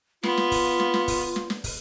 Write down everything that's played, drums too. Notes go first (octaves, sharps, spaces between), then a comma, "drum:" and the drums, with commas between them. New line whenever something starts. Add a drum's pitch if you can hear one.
B3 F4, drum: snare
drum: snare
drum: kick, open hi-hat
drum: snare
drum: snare
drum: kick, open hi-hat
drum: snare
drum: snare
drum: kick, open hi-hat